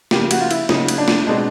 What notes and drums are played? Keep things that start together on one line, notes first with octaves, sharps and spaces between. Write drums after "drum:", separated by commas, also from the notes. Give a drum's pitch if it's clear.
C#3 F3 A#3 G4, drum: snare
F#4, drum: cymbal
F4
E4, drum: cymbal
C#3 F#3 A#3 D#4, drum: snare
drum: cymbal
D4
drum: snare
B2 G#3 C4 D4